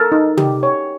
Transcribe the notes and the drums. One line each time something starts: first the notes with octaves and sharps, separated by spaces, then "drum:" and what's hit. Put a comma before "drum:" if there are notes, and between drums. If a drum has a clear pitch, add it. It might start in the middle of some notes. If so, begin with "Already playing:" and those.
Already playing: A4 A#4 A5
D#4
G4, drum: tom
C#5